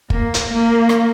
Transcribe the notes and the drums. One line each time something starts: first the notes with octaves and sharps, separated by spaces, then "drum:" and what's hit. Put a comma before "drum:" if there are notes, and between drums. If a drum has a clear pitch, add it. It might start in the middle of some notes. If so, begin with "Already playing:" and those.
A#3, drum: kick
drum: hi-hat
A#3
drum: rim click